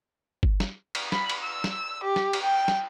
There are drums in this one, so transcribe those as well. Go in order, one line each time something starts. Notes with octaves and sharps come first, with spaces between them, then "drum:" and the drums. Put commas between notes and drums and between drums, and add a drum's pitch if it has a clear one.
drum: kick G1
drum: snare
drum: cymbal
B5, drum: snare
drum: cymbal
E6
drum: snare
G4
drum: snare
drum: cymbal
G5
drum: snare